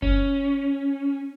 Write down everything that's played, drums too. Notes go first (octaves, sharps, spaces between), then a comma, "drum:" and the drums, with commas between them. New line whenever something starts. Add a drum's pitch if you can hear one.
C#4, drum: kick F#1